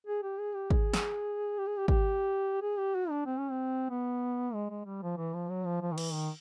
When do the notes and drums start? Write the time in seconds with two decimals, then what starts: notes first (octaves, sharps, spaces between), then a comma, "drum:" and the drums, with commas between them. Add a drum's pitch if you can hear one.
0.07 G#4
0.23 G4
0.39 G#4
0.55 G4
0.70 G#4, drum: kick G#1
0.93 drum: snare
1.58 G4
1.67 G#4
1.77 G4
1.88 G4, drum: kick G#1
2.62 G#4
2.78 G4
2.95 F#4
3.10 D4
3.26 C4
3.39 C#4
3.51 C4
3.90 B3
4.54 G#3
4.70 G#3
4.85 G3
5.02 F3
5.17 E3
5.34 F3
5.50 F#3
5.66 F3
5.82 F3
5.92 D#3
5.98 E3, drum: cymbal
6.13 D#3